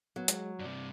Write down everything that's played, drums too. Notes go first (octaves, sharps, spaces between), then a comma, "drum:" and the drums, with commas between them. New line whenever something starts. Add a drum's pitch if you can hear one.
F#3 B3
G#3, drum: hi-hat
G2 C3 D5